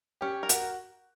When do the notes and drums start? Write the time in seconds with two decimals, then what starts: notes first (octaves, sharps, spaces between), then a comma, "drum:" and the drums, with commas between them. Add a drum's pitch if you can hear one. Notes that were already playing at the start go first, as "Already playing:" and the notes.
0.21 C#4 G4
0.43 A#4
0.49 F#4, drum: hi-hat